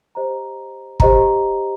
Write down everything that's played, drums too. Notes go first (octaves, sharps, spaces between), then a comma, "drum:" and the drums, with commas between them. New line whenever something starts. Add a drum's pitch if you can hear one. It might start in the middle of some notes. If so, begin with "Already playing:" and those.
G4 C5 D#5 A#5
G4 C5 D#5 A#5, drum: kick